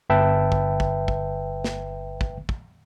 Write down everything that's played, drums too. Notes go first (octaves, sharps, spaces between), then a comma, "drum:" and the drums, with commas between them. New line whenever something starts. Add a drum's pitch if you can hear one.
G1 B4 E5 G5 A5
drum: kick
drum: kick
drum: kick
drum: snare
drum: kick
drum: kick